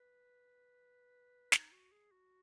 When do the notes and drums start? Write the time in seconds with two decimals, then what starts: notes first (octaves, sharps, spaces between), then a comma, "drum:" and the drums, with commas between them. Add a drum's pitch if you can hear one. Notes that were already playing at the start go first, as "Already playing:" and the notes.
Already playing: B4
1.52 D#4, drum: snare
1.72 F#4
1.92 G#4
2.11 F#4